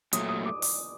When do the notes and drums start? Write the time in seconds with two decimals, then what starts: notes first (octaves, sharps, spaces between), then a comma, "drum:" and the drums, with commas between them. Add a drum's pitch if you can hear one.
0.13 A#2 F#3 A3 D#6, drum: hi-hat
0.29 D#6
0.46 D6
0.62 D6, drum: open hi-hat